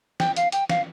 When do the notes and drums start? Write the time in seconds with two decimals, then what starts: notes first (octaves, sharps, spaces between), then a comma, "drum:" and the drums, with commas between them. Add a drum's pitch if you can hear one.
0.20 G5, drum: snare
0.36 F5, drum: hi-hat
0.52 G5, drum: hi-hat
0.70 F5, drum: snare